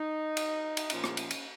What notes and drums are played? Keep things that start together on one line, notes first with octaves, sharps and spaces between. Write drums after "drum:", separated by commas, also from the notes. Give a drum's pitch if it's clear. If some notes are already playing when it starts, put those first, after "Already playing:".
Already playing: D#4
drum: cymbal
drum: cymbal
A#2 F3 C#4, drum: cymbal
drum: rim click
drum: cymbal
drum: cymbal